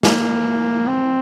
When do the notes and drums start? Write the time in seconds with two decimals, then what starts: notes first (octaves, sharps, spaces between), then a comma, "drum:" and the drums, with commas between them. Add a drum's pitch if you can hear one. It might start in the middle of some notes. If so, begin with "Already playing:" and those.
0.03 A#3, drum: snare
0.87 C4